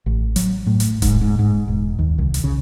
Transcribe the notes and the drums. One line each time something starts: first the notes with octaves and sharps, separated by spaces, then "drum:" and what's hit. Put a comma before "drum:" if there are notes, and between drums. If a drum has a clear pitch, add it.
A1
F#3, drum: hi-hat
A2
drum: hi-hat
G#2, drum: kick D#1, hi-hat
G#2
G#2
E1
D#2
C2
drum: hi-hat
C#3